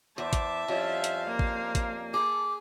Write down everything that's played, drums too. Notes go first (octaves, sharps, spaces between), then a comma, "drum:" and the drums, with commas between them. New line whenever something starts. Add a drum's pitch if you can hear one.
E2 C5 E5 A5 D6
drum: kick A1, hi-hat
F2 G3 C#4 C5 F5
drum: hi-hat
A#3
drum: kick A1
drum: kick A1, hi-hat
G#4 A4 D6